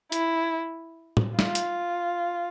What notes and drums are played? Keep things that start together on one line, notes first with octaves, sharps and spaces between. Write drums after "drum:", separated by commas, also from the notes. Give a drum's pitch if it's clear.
E4, drum: hi-hat
drum: tom
F4, drum: snare
drum: hi-hat